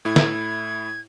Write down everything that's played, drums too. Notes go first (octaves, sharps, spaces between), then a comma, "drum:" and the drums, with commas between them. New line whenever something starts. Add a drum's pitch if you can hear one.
A2 E4 G#6
drum: snare